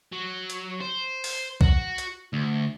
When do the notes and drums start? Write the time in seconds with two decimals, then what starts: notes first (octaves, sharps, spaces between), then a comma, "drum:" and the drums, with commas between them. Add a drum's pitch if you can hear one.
0.12 F#3
0.50 drum: hi-hat
0.80 C5
1.24 drum: open hi-hat
1.61 F#4, drum: kick
1.98 drum: hi-hat
2.33 D2